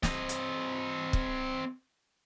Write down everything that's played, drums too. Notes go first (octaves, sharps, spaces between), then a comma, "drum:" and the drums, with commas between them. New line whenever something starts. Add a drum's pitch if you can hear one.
C4 D#5, drum: snare
drum: hi-hat
drum: kick